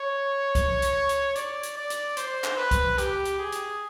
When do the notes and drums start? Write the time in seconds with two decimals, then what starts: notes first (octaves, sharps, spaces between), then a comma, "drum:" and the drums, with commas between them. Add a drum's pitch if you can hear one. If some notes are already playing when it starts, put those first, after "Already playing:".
Already playing: C#5
0.55 drum: kick, hi-hat
0.82 drum: hi-hat
1.09 drum: hi-hat
1.35 D5, drum: hi-hat
1.63 drum: hi-hat
1.77 D5
1.90 drum: hi-hat
2.17 C5, drum: hi-hat
2.44 drum: clap
2.57 B4
2.71 drum: kick, hi-hat
2.98 G4, drum: hi-hat
3.25 drum: hi-hat
3.39 G#4
3.52 drum: hi-hat